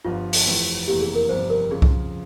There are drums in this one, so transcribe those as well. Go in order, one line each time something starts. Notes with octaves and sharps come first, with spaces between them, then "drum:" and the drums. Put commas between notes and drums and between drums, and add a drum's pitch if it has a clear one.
G1 G2 F3 F4
drum: open hi-hat
F1 F2 E3
F1 E2 C3 E3 A#3 G4
G#4
A#4
G1 F2 C3 G3 C5
A#4
F2 C#3 F3 G#4
drum: kick C2